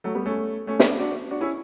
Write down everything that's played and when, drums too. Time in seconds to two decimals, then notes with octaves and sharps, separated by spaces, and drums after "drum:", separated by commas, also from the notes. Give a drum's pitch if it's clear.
0.04 F#3 A3
0.15 G3 B3
0.26 A3 C#4
0.67 A3 C#4
0.80 C#4, drum: snare
0.84 B3 D4
0.99 D4 F#4
1.31 D4 F#4
1.41 C#4 E4